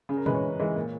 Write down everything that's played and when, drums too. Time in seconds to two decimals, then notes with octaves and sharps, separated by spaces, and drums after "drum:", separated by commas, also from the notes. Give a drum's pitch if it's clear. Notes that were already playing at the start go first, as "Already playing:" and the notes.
0.09 C#3 G#4
0.17 A#4
0.26 E3 G#3 B4, drum: tom A#2
0.34 C#5
0.43 C#3
0.59 E3 G#3
0.76 A#2